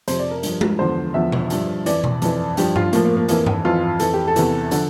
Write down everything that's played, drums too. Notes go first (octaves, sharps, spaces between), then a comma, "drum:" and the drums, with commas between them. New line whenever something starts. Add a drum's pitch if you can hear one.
F2 C3 F3 C5, drum: hi-hat
D5
A#4
G2 F3, drum: hi-hat
drum: tom G#3
E2 D3 F3 C5
E2 D3 F3 E5
drum: tom B2
G2 F3, drum: hi-hat
F2 E3 D5, drum: hi-hat
drum: tom B2
F2 E3, drum: hi-hat
G2 F3 G4, drum: hi-hat
F4, drum: tom G2
A2 F3 A#3, drum: hi-hat
A#3
A#3
F2 E3 A#3, drum: hi-hat
drum: tom G2
F2 E3 F4
F2 E3 A4, drum: hi-hat
G4
A4
E2 C3 E3, drum: hi-hat
D3 F3, drum: hi-hat